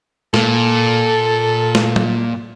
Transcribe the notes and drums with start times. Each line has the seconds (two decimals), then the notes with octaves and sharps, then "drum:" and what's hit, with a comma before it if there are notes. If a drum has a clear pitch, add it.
0.34 A#2 A4, drum: snare
1.75 drum: snare
1.96 drum: tom F#3